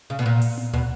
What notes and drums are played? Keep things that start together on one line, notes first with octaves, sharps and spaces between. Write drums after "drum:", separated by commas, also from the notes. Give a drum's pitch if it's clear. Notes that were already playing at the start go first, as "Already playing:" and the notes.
C#3
B2
A#2
drum: open hi-hat
drum: tom
B2, drum: tom